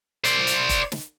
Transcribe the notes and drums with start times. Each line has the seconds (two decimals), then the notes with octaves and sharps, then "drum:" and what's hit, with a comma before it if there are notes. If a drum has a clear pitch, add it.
0.24 C5 D5, drum: hi-hat
0.47 drum: hi-hat
0.69 drum: kick F1, hi-hat
0.92 drum: snare